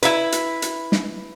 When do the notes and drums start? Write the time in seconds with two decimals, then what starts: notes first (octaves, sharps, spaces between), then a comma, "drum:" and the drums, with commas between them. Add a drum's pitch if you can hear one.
0.03 E4 B4, drum: hi-hat
0.32 drum: hi-hat
0.62 drum: hi-hat
0.92 drum: snare